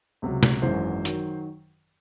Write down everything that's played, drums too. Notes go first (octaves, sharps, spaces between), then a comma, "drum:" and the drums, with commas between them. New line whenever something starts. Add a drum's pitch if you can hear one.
C#2 C3 F#3
drum: snare
G#1 F#2 E3 G#3 C5
D#3 F#3, drum: hi-hat